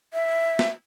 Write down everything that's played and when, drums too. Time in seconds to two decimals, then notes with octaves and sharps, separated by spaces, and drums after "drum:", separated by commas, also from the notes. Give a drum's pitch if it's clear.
0.13 E5
0.59 drum: snare